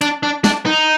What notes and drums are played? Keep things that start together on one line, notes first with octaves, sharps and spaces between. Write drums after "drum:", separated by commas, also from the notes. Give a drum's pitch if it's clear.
D4, drum: hi-hat
D4
D4, drum: snare
D#4